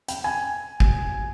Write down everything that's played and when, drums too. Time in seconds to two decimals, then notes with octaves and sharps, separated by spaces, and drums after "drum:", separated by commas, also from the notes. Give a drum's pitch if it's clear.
0.08 G5, drum: hi-hat
0.24 G#5
0.80 drum: kick G#1